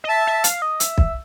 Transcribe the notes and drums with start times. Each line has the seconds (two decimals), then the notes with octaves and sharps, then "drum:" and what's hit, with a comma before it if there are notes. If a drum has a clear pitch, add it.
0.04 D#5
0.09 E5 A5
0.27 E5
0.44 F5, drum: hi-hat
0.62 D#5
0.80 E5, drum: hi-hat
0.98 drum: kick